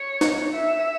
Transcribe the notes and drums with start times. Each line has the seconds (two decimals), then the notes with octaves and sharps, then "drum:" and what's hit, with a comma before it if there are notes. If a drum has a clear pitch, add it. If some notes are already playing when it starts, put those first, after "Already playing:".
Already playing: C#5
0.21 drum: snare
0.54 E5